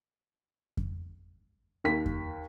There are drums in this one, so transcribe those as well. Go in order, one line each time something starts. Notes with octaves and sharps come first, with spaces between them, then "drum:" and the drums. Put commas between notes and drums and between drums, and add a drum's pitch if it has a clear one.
drum: kick F2
D#2 B6
drum: kick F2